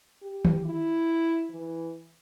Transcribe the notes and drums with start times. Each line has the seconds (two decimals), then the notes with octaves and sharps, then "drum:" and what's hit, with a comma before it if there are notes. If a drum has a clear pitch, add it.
0.22 G4
0.45 drum: tom D#3
0.65 E4
1.51 E3